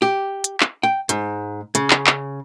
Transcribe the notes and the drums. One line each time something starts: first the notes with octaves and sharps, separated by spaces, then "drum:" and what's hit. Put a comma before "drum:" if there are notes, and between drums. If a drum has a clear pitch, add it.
G4
drum: hi-hat
drum: clap
G5
G#2, drum: hi-hat
C#3, drum: hi-hat
drum: clap
drum: clap